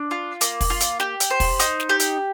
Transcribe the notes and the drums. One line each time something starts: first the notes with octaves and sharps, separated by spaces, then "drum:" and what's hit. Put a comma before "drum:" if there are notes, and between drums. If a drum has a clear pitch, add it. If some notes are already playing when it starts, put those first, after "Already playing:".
Already playing: D4
F4
A#3, drum: hi-hat
drum: kick, open hi-hat
F4
drum: hi-hat
G4, drum: snare
drum: hi-hat
C5
drum: kick, open hi-hat
D#4, drum: hi-hat
drum: snare
G4
drum: hi-hat